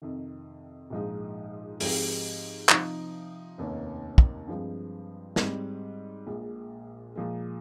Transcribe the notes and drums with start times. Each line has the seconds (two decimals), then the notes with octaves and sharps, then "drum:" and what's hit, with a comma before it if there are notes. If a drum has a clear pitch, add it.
0.02 F2 C3 D#3
0.90 A#1 G#2 F3 G#3 D#4
1.80 G#2 F3 G#3 C4 G4, drum: open hi-hat
2.69 C3 F3 C4 D#4, drum: clap
3.58 F1 D#2 D#3 A#3 C#4
4.18 drum: kick
4.47 G2 F3 G#3 C4
5.36 G#2 G3 C4, drum: snare
6.27 A#1 A#2 G#3
7.16 A#2 F3 G#3